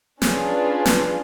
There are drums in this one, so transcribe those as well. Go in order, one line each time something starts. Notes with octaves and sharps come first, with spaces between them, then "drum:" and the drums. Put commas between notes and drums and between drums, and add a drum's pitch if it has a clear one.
C#4 D4 F4 G#4 B4, drum: snare
drum: snare